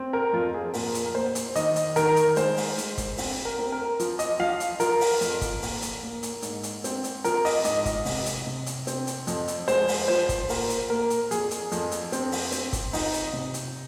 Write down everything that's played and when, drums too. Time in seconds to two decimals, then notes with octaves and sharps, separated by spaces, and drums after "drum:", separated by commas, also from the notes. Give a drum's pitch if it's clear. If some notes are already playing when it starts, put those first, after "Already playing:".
Already playing: C4
0.13 A#4
0.33 F2 F4
0.54 G#4
0.74 A#2 A#4, drum: open hi-hat
0.94 drum: hi-hat
1.06 A#4
1.15 A#3 C5
1.35 drum: hi-hat
1.56 D#3 D#5, drum: hi-hat
1.76 drum: hi-hat
1.96 D#3 A#4, drum: hi-hat
2.16 drum: hi-hat
2.36 G#3 C5, drum: hi-hat
2.57 drum: open hi-hat
2.78 G#3, drum: hi-hat
2.98 drum: kick, hi-hat
3.18 C4, drum: open hi-hat
3.45 A#4
3.59 C4
3.72 A#4
4.00 F3, drum: hi-hat
4.19 D#5, drum: hi-hat
4.39 F3 F5
4.60 drum: hi-hat
4.80 F3 A#4, drum: hi-hat
5.01 drum: open hi-hat
5.21 F2, drum: hi-hat
5.41 drum: kick, hi-hat
5.62 A#2, drum: open hi-hat
5.82 drum: hi-hat
6.03 A#3
6.23 drum: hi-hat
6.42 G#2, drum: hi-hat
6.63 drum: hi-hat
6.84 C4, drum: hi-hat
7.04 drum: hi-hat
7.24 F3 A#4, drum: hi-hat
7.45 D#5, drum: open hi-hat
7.64 G#2 D#5, drum: hi-hat
7.85 D#5, drum: kick, hi-hat
8.05 C3, drum: open hi-hat
8.26 drum: hi-hat
8.47 C3
8.66 drum: hi-hat
8.87 C4, drum: hi-hat
9.07 drum: hi-hat
9.27 F2, drum: hi-hat
9.48 drum: hi-hat
9.68 G#3 C5, drum: hi-hat
9.88 drum: open hi-hat
10.08 F3 C5
10.29 drum: kick, hi-hat
10.49 A#2 A#4, drum: open hi-hat
10.70 drum: hi-hat
10.90 A#3 A#4
11.10 drum: hi-hat
11.31 F2 G#4, drum: hi-hat
11.51 drum: hi-hat
11.72 F2, drum: hi-hat
11.91 drum: hi-hat
12.12 C4, drum: hi-hat
12.32 drum: open hi-hat
12.52 C4, drum: hi-hat
12.73 drum: kick, hi-hat
12.93 F3 D#4, drum: open hi-hat
13.13 drum: hi-hat
13.33 C3
13.54 drum: hi-hat